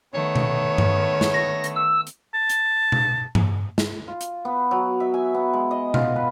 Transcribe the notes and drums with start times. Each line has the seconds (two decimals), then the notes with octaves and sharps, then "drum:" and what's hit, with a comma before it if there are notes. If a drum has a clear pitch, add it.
0.14 D#3 A3 B3 C#5
0.36 drum: tom B2
0.78 drum: tom G2
1.21 drum: snare
1.34 A#6
1.64 drum: hi-hat
1.76 E6
2.07 drum: hi-hat
2.34 A5
2.49 drum: hi-hat
2.92 drum: tom B2
3.35 drum: tom G2
3.78 drum: snare
4.08 F4
4.21 drum: hi-hat
4.45 B3
4.71 F#3
5.00 E5
5.14 G#5
5.34 B3
5.53 G#3
5.71 D#5
5.94 F4, drum: tom B2
6.16 B4